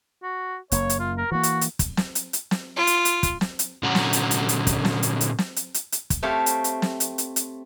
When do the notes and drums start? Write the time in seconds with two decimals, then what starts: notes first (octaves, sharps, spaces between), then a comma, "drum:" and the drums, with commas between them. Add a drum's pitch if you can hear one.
0.23 F#4
0.72 F#1 A#3 C#5, drum: hi-hat
0.90 drum: hi-hat
0.99 F4
1.18 A#4
1.32 E3 A#3 F#4
1.43 drum: hi-hat
1.61 drum: hi-hat
1.79 drum: kick, hi-hat
1.97 drum: snare
2.15 drum: hi-hat
2.33 drum: hi-hat
2.51 drum: snare
2.77 F4
2.87 drum: hi-hat
3.05 drum: hi-hat
3.23 drum: kick, hi-hat
3.41 drum: snare
3.59 drum: hi-hat
3.83 A#2 D3 F#3 C#4 F#5 A#5
3.95 drum: snare
4.13 drum: hi-hat
4.31 drum: hi-hat
4.49 drum: hi-hat
4.67 drum: kick, hi-hat
4.85 drum: snare
5.03 drum: hi-hat
5.21 drum: hi-hat
5.38 drum: snare
5.56 drum: hi-hat
5.74 drum: hi-hat
5.92 drum: hi-hat
6.10 drum: kick, hi-hat
6.23 A3 C4 G4 C#5 F5
6.46 drum: hi-hat
6.64 drum: hi-hat
6.82 drum: snare
7.00 drum: hi-hat
7.18 drum: hi-hat
7.36 drum: hi-hat